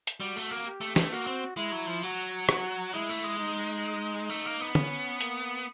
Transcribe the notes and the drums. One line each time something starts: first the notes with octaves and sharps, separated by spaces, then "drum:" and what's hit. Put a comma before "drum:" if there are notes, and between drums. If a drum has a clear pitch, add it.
drum: hi-hat
G3 F#4
A3
A#3
G4
A3
A3, drum: snare
A#3 F#4
C4
G#3 E4
F#3
F3
F#3 F#4
F#4, drum: rim click
G#3 E4
A3
G#3
D#4
A3
A#3
B3
C#4, drum: tom
A#3, drum: hi-hat